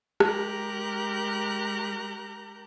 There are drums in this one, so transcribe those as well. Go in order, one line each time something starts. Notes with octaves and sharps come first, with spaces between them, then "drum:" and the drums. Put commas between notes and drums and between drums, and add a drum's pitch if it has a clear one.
G#3 G4 A#4 A#5 F#6 G6, drum: rim click